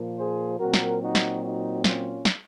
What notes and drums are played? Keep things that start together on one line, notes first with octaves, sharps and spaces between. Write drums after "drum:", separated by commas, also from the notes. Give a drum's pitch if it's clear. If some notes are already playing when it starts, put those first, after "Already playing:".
Already playing: A#2 F3 A#3
G#4 C5
A#2 F#3 C4 F#4 A#4
drum: snare
D#4 F#4
drum: snare
D#4 F#4
C#4 F4, drum: snare
drum: snare